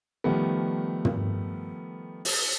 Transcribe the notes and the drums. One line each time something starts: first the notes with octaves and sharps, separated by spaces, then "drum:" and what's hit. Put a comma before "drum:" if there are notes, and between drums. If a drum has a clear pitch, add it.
D#3 F3 G3 A3 B3
drum: tom
drum: open hi-hat